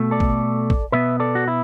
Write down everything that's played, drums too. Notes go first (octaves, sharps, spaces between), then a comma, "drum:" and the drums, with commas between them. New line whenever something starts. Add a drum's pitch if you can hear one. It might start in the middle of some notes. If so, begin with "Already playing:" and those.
Already playing: B2 A3
A4 D5
drum: kick
drum: kick
B2 B3 B4 E5
A4 D5
F#4
E4